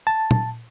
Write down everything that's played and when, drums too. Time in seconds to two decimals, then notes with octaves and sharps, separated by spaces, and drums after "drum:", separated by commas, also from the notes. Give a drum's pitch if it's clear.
0.07 A5
0.31 drum: tom